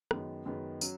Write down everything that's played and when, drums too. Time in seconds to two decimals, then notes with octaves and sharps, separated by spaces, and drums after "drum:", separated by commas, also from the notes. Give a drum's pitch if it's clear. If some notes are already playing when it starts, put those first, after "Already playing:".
0.11 F#2 D#3 G#3 B3, drum: rim click
0.46 F#2 D#3 G#3 B3
0.81 F#3 C#4, drum: tambourine